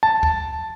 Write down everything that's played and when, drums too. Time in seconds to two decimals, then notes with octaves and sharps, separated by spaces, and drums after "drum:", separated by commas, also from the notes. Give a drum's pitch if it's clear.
0.03 A5
0.23 drum: kick